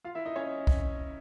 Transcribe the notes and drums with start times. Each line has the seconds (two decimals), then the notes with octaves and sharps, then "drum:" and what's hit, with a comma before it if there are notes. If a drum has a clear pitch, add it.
0.04 F4 F5
0.15 E4 E5
0.26 D#4 D#5
0.36 C#4 C#5
0.67 drum: kick